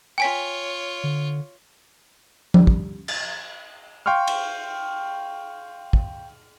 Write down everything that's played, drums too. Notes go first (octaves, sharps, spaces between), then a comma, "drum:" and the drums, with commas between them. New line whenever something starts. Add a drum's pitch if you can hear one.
F4 C#5 G5 G#5 B6
D3
G3, drum: tom F3
drum: kick
A6, drum: cymbal
F5 G5 C6 C#6 F6
drum: cymbal
drum: kick